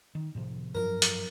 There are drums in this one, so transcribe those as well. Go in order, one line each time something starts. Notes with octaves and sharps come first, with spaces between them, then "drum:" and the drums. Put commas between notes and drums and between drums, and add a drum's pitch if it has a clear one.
D#3
A2 C3 F3
G2 F3 F#3 A#4
drum: hi-hat